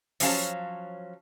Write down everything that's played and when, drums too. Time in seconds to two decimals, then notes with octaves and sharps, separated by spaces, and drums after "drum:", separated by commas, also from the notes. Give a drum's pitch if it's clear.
0.20 F3 F#3 C#4 C5 F5 A5, drum: open hi-hat